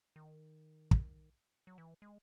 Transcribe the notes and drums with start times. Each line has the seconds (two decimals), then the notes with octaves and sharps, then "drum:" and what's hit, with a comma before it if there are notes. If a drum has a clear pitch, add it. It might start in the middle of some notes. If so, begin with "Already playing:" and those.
0.16 D#3
0.91 drum: kick
1.67 F#3
1.78 E3
2.02 G#3